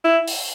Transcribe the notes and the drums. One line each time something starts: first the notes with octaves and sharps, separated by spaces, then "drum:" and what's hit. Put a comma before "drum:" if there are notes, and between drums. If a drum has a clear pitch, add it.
E4
drum: open hi-hat